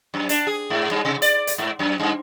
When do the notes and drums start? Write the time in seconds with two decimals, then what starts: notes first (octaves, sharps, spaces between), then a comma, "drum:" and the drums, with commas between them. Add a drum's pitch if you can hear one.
0.14 F#2
0.29 D4, drum: hi-hat
0.47 G#4
0.70 G#2
0.91 G2
1.05 C3
1.22 D5, drum: hi-hat
1.47 drum: hi-hat
1.58 G#2
1.79 F#2
2.00 G2